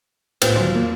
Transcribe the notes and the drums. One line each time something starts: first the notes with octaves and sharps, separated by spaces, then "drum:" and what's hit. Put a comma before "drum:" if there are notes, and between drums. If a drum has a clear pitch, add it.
C2 A2 B3 F4 G4 C5, drum: cymbal
D3 D#3 F#3 F4
E2 A#3